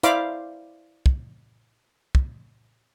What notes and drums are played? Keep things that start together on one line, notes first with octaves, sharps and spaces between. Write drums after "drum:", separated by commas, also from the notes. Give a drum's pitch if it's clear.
E4 C5 D5 F5 B5 D6, drum: hi-hat
drum: kick
drum: kick